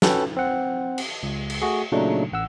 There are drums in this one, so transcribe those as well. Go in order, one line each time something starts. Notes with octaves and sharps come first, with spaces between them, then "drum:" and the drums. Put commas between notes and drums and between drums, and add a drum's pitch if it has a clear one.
C#4 F#4 A4 B4 G5, drum: snare
C4 F#5
drum: cymbal
C#2
drum: cymbal
A3 F#4 G#4
A#2 C#3 F#3 A3 D4 D#4
A1 F#5 E6